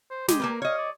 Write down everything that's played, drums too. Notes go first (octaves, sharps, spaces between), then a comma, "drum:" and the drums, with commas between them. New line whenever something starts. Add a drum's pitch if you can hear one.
C5
G#3 G4, drum: snare
A#3 A#4 B4
C#5 D#5 F5
D5